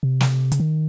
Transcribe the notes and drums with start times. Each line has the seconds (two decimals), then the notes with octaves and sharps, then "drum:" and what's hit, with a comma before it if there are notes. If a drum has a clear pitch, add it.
0.03 C3
0.20 drum: snare
0.52 C#3, drum: hi-hat
0.60 D#3